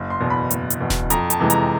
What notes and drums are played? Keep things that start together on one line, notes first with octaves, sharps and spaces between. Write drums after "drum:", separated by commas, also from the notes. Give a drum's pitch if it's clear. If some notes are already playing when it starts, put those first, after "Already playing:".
Already playing: F#1
C6
E2 B2
B5
F#1, drum: hi-hat
drum: hi-hat
E2 B2
drum: snare D#1
F2 A#5, drum: hi-hat
A5, drum: hi-hat
C3 E3 G#3
A#5, drum: hi-hat